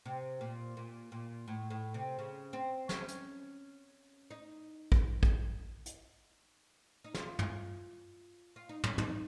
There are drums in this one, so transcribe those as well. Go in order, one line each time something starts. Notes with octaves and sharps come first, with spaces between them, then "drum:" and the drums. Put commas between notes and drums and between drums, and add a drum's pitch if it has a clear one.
C3
A#2
A#2
A#2
A2
A2
C3
C#3
C4
C#4, drum: snare
drum: hi-hat
D#4
drum: kick
drum: kick
drum: hi-hat
D#4
F4, drum: snare
drum: tom
F4
D#4
C#4, drum: tom
D#4, drum: tom